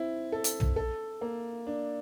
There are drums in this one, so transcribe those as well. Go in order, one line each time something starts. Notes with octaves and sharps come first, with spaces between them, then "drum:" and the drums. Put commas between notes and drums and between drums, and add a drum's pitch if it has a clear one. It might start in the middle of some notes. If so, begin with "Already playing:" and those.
Already playing: C4 E4
A4
drum: hi-hat
drum: tom
A4
A#3
D4